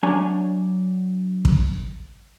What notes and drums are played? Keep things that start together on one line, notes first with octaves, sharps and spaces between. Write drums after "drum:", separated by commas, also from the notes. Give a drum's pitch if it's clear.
F#3 D4 C#5 G#5
drum: kick